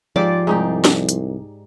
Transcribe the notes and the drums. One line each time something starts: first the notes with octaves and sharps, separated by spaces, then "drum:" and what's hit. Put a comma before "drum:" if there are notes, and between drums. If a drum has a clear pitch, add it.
G#2 F3 F4 G4 D5
C2 G#2 D#4 G4
drum: snare
drum: hi-hat